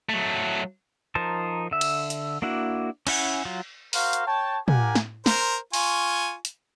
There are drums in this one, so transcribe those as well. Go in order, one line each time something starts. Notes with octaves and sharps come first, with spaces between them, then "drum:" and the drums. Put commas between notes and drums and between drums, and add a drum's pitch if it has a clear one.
F#3 A3
F3 D#4 A#4 C5 A5
D3 E5
drum: cymbal
drum: hi-hat
A#3 D4 E4 F#4
C#4 E4 F#5 G#5, drum: cymbal
F#3 F4
F#4 A#4 C5 F5, drum: open hi-hat
drum: hi-hat
C#5 G5 A5
A#3 G4 A#4 F#5 G#5, drum: tom
drum: snare
A#4 C5, drum: snare
F4 G#5 C#6, drum: open hi-hat
drum: hi-hat